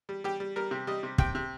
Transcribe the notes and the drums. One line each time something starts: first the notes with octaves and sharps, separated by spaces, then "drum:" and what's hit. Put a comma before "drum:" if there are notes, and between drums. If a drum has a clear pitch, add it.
G3
G3 G4
G3
G3 A#4
C3
G3 D#5
C3
C3 G5, drum: kick
C3